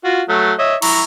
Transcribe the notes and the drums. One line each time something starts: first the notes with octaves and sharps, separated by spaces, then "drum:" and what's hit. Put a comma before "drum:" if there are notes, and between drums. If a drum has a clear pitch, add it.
F4 F#4
F#3 A3
C#5 D#5 E5
E4 A#5 C#6, drum: cymbal